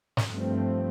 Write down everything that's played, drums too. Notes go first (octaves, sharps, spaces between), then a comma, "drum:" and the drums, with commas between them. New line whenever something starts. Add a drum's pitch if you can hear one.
drum: snare
G2 F3 A3 C4